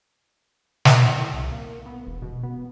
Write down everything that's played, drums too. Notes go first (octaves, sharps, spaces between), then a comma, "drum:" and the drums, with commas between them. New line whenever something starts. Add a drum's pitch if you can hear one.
drum: snare
A2
A2
C2
A#3
B3
E1
B2
B3